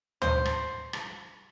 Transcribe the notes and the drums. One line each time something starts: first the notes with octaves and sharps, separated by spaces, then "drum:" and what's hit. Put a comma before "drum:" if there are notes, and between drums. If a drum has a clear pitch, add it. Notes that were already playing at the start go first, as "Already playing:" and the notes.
C5, drum: tom
drum: rim click
drum: rim click